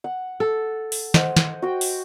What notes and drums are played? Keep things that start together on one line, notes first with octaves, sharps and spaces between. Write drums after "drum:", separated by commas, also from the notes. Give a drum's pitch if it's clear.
F#5
A4
drum: open hi-hat
C5 D#5 F#5, drum: snare
drum: snare
F#4 G5
drum: open hi-hat